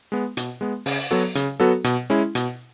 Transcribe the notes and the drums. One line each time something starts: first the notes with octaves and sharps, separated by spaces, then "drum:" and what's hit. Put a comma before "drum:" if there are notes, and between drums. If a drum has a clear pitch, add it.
G#3 B3
B2, drum: hi-hat
G#3 B3
C#3, drum: open hi-hat
F#3 B3 F#4 A4
C#3, drum: hi-hat
F#3 B3 F#4 A4
B2, drum: hi-hat
G#3 C#4 E4
B2, drum: hi-hat